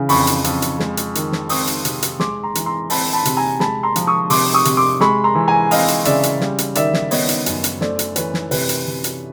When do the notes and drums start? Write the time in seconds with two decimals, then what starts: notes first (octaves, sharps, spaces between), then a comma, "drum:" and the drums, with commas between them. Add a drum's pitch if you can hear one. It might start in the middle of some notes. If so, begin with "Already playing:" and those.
Already playing: C#3 E3
0.09 F2 B5 C#6, drum: open hi-hat
0.27 drum: hi-hat
0.44 F2, drum: hi-hat
0.62 drum: hi-hat
0.79 G#3, drum: snare
0.97 drum: hi-hat
1.15 D#3, drum: hi-hat
1.32 drum: snare
1.49 C4 C#6 D#6, drum: open hi-hat
1.67 drum: hi-hat
1.85 C3, drum: hi-hat
2.02 drum: hi-hat
2.20 G#3 C6 D6, drum: snare
2.43 A#5 C6
2.55 E3, drum: hi-hat
2.66 A#5 C6
2.90 C4 A5 B5, drum: open hi-hat
3.13 A5 B5
3.25 C3, drum: hi-hat
3.37 G#5 A#5
3.60 G#3 A5 B5, drum: snare
3.83 A#5 C6
3.96 F3, drum: hi-hat
4.07 C#6 D#6
4.30 C3 C6 D6, drum: open hi-hat
4.54 C#6 D#6
4.65 C3, drum: hi-hat
4.77 C6 D6
5.00 G#3 B5 C#6, drum: snare
5.24 A#5 C6
5.35 E3
5.48 G#5 A#5
5.71 C4 D#5 F5, drum: open hi-hat
5.88 drum: hi-hat
6.05 C#3 D5 E5, drum: hi-hat
6.23 drum: hi-hat
6.40 G3, drum: snare
6.58 drum: hi-hat
6.75 D#3 D5 E5, drum: hi-hat
6.94 drum: snare
7.11 B3 C#5 D#5, drum: open hi-hat
7.29 drum: hi-hat
7.46 F#2, drum: hi-hat
7.64 drum: hi-hat
7.81 A3 C5 D5, drum: snare
7.99 drum: hi-hat
8.16 E3 B4 C#5, drum: hi-hat
8.34 drum: snare
8.51 C3 B4, drum: open hi-hat
8.69 drum: hi-hat
8.87 C3
9.04 drum: hi-hat